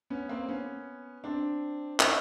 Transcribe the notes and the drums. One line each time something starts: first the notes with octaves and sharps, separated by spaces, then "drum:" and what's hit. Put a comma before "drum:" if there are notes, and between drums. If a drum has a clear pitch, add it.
B3 C#4
A#3 C4
B3 C#4
C4 D4
C#4 D#4, drum: clap